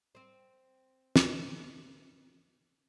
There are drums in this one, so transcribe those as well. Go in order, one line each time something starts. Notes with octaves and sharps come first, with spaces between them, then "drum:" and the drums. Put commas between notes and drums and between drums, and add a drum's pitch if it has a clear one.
C4 C5
drum: snare